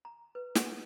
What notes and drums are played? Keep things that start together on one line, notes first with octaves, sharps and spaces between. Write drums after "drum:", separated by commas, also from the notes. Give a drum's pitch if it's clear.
A#5
B4
F#5, drum: snare